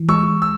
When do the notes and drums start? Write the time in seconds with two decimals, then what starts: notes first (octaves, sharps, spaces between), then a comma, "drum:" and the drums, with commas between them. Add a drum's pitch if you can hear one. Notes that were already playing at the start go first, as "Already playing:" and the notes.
Already playing: E3
0.09 G#3 C#6 E6, drum: tom
0.42 E6